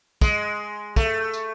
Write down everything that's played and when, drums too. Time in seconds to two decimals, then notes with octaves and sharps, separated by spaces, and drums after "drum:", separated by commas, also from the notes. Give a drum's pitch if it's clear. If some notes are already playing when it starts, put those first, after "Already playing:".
0.21 G#3, drum: kick, tambourine
0.96 A3, drum: kick, tambourine
1.33 drum: tambourine